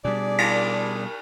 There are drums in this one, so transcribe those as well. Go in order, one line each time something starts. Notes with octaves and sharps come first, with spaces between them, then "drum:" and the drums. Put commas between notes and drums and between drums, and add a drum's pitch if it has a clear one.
B2 G3 D4 G#4 D5 G#5
drum: cymbal